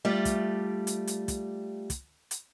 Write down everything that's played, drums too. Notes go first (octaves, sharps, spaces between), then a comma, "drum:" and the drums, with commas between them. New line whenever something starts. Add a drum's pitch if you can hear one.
G3 A3 F4 D5
drum: kick, hi-hat
drum: hi-hat
drum: hi-hat
drum: kick, hi-hat
drum: kick, hi-hat
drum: hi-hat